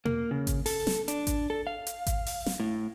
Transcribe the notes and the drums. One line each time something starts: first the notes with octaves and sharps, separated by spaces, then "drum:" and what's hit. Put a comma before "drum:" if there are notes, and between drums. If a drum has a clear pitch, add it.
A#3, drum: tom B2
C#3
drum: kick G#1, hi-hat
A4, drum: open hi-hat
drum: snare
D4, drum: hi-hat
drum: kick G#1, hi-hat
A4
F5
drum: hi-hat
drum: kick G#1, hi-hat
drum: open hi-hat
drum: snare
A2